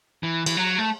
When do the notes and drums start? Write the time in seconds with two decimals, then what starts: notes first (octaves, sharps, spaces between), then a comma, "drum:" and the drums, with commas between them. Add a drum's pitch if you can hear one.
0.23 E3
0.46 E3, drum: cymbal
0.57 F#3
0.79 A3